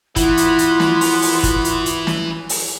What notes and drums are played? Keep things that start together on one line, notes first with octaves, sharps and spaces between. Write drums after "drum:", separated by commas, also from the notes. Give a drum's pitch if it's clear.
E3 B3 E4 F4, drum: kick, hi-hat
drum: hi-hat
drum: hi-hat
drum: snare
drum: open hi-hat
drum: open hi-hat
drum: kick, hi-hat
drum: hi-hat
drum: hi-hat
drum: snare
drum: open hi-hat